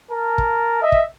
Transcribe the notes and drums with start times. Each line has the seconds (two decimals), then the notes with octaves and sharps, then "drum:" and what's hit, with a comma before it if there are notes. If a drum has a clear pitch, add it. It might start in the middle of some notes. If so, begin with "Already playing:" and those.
0.11 A#4 A5
0.38 drum: kick
0.82 D#5 E5
0.92 drum: kick